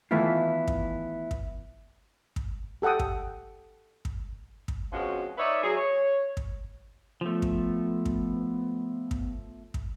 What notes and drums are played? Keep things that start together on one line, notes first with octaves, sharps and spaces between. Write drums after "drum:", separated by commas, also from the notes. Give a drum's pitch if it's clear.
D#3 E3 A3 B3 E4 F4
drum: kick
drum: kick
drum: kick
G4 A4 F#5 G5 D#6
drum: kick
drum: kick
drum: kick
B2 F3 G#3 C4 C#4 F#4
D#4 B4 C#5 D5 E5
F#3 G#4
C#5
drum: kick
F3 A3 B3
drum: kick
drum: kick
drum: kick
drum: kick